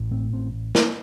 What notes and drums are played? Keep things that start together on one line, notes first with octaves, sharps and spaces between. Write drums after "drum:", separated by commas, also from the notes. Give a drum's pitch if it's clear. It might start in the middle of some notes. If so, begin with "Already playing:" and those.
Already playing: A1
A2 C4
A1 C4
drum: snare